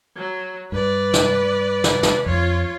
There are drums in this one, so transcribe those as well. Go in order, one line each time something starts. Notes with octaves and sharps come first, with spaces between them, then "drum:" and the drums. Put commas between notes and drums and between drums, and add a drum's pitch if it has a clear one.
F#3
G2 B4 D5
drum: snare
drum: snare
drum: snare
F2 F4 C#5